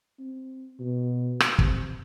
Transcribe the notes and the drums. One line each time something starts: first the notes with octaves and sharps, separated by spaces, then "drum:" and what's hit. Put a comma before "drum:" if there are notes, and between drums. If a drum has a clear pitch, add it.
C4
B2
drum: rim click
C3, drum: kick